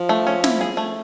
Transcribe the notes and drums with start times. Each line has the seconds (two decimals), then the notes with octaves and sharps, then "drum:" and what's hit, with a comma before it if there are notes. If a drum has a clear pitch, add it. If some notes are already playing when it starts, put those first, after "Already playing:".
Already playing: F3
0.09 A3
0.27 C#4
0.44 E4, drum: snare
0.61 G#4
0.77 A3